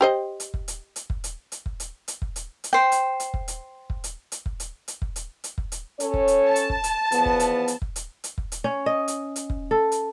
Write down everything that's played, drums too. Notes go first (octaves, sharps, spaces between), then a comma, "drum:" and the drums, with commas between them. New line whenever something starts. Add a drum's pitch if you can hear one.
G4 C5 D#5
drum: hi-hat
drum: kick
drum: hi-hat
drum: hi-hat
drum: kick
drum: hi-hat
drum: hi-hat
drum: kick
drum: hi-hat
drum: hi-hat
drum: kick
drum: hi-hat
drum: hi-hat
C5 G5
drum: hi-hat
drum: hi-hat
drum: kick
drum: hi-hat
drum: kick
drum: hi-hat
drum: hi-hat
drum: kick
drum: hi-hat
drum: hi-hat
drum: kick
drum: hi-hat
drum: hi-hat
drum: kick
drum: hi-hat
C#4 A4 C#5, drum: hi-hat
drum: kick
drum: hi-hat
A5
drum: hi-hat
drum: kick
drum: hi-hat
E2 F3 B3, drum: hi-hat
drum: kick
drum: hi-hat
drum: hi-hat
drum: kick
drum: hi-hat
drum: hi-hat
drum: kick
drum: hi-hat
C#4
D#5
drum: hi-hat
drum: hi-hat
drum: kick
A4
drum: hi-hat